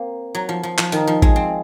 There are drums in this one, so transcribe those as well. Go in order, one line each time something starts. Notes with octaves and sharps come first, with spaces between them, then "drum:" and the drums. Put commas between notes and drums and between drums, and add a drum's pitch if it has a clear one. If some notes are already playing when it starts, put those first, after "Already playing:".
Already playing: A#3 C4
F#3
F3
F3
F3, drum: clap
D#3, drum: hi-hat
F3
G#3, drum: kick A1
C4